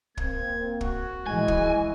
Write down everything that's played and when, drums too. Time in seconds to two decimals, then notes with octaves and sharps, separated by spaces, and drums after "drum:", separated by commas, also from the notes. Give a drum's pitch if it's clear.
0.17 A#3 C4 G#6, drum: kick
0.81 F#4, drum: kick
1.26 E3 G#3 D#5 G#5
1.48 drum: kick